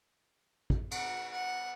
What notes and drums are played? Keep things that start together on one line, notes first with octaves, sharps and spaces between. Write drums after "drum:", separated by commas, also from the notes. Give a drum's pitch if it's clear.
drum: kick
F#5, drum: cymbal
F#5